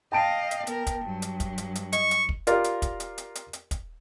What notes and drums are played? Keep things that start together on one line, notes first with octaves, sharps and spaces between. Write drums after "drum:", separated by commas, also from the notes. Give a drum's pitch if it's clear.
D#5 F5 G5 A5 D7
drum: hi-hat
B3 A#4, drum: hi-hat
drum: kick, hi-hat
G2 F#3
drum: hi-hat
drum: kick, hi-hat
drum: hi-hat
drum: hi-hat
D#5 C#6, drum: hi-hat
drum: hi-hat
drum: kick
F4 G4 A#4 D5, drum: hi-hat
drum: hi-hat
drum: kick, hi-hat
drum: hi-hat
drum: hi-hat
drum: hi-hat
drum: hi-hat
drum: kick, hi-hat